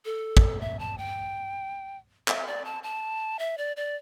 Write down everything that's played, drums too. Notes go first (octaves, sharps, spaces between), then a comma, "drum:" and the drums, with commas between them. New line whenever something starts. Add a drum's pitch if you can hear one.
A4
drum: kick
E5
A5
G5
E5, drum: clap
D5
A5
A5
E5
D5
D5